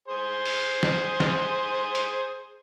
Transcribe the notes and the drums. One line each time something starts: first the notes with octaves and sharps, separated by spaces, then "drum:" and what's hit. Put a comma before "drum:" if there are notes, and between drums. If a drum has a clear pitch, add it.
G#4 C5 C6
drum: open hi-hat
drum: snare
drum: snare
drum: hi-hat